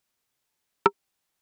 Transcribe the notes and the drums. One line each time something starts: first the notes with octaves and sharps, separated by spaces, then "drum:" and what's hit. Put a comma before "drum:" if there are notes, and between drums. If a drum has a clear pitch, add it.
A2 C3 A#4
C3 G4
G#4 C5 A5
D4 G#4 F5
D4 D#4 G5, drum: rim click
E3 G#5